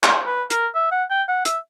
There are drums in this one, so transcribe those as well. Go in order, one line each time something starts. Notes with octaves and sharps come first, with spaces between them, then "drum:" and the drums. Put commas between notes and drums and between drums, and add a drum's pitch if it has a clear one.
C5, drum: clap
B4
A#4, drum: hi-hat
E5
F#5
G5
F#5
E5, drum: hi-hat